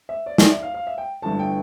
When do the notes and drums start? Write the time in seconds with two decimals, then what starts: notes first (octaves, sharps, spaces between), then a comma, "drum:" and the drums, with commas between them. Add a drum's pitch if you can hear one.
0.09 E5
0.26 D5
0.38 D5, drum: snare
0.51 E5
0.62 F5
0.74 F5
0.87 E5
0.98 G5
1.22 G1 G2 E3 A3 A5
1.39 G5